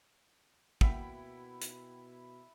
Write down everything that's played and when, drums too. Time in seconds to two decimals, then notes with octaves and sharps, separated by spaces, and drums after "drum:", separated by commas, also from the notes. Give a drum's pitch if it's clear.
0.81 B2 A#3 E4 F#5 G5 B5, drum: kick
1.62 drum: hi-hat